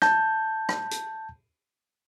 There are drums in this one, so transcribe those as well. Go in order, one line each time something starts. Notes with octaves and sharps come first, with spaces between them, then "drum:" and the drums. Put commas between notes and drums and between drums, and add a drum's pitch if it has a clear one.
A5 G6, drum: rim click
drum: rim click
drum: hi-hat